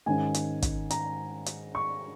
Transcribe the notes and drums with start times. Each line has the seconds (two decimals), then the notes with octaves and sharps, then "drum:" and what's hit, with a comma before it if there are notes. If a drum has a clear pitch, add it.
0.06 G#2 D#3 G#3 C#4 G#5
0.34 drum: hi-hat
0.62 drum: kick, hi-hat
0.90 A#5, drum: hi-hat
1.46 drum: hi-hat
1.75 C#6